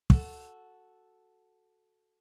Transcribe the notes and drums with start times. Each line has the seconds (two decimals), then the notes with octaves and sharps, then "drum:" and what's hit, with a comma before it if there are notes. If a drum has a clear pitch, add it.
0.10 F#4 A4, drum: kick